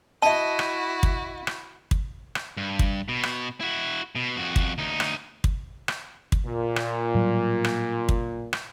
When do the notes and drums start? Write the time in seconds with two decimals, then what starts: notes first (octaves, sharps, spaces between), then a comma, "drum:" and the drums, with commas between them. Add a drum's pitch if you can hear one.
0.22 E4 F#4 D#5 E5 A5 D#7
0.59 drum: rim click
1.03 drum: kick
1.47 drum: rim click
1.91 drum: kick
2.35 drum: rim click
2.57 G2
2.79 drum: kick
3.08 B2
3.23 drum: rim click
3.61 E4 F#4
4.15 B2
4.37 F2 F#4
4.56 drum: kick
4.78 D2 D#4
5.00 drum: rim click
5.44 drum: kick
5.88 drum: rim click
6.32 drum: kick
6.46 A#2
6.76 drum: rim click
7.14 A2 F#3 G3
7.64 drum: rim click
8.09 drum: kick
8.53 drum: rim click